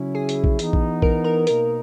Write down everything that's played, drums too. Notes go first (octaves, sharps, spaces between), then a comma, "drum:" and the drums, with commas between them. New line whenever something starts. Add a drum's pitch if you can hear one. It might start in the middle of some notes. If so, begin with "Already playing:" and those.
Already playing: C#3 F#3 C#4 E4
G#4
drum: hi-hat
drum: kick
E3 B3 D#4, drum: hi-hat
drum: kick
A#4, drum: kick
A#4
B2 A#3 D#4 A#4, drum: hi-hat